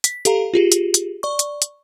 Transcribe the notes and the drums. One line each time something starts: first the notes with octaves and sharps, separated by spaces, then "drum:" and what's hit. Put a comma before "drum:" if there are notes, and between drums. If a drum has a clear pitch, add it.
B6, drum: hi-hat
G4 A4 F5 A#5, drum: hi-hat
F4 G4 G#4
drum: hi-hat
drum: hi-hat
D5 C#6
drum: hi-hat
drum: hi-hat